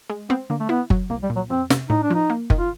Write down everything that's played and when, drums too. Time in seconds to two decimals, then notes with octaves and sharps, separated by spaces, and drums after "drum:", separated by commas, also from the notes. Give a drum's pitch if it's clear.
0.10 G#3
0.29 B3 C4
0.50 D3 A#3
0.60 A3
0.69 B3 E4
0.90 F#3, drum: kick
1.10 C2 A#3
1.23 G3
1.30 A#2
1.36 F#3
1.50 F2 C4
1.70 C3, drum: snare
1.89 A2 D#4
2.03 D4
2.10 F3 D#4
2.30 A#3
2.50 D#3, drum: kick
2.59 F4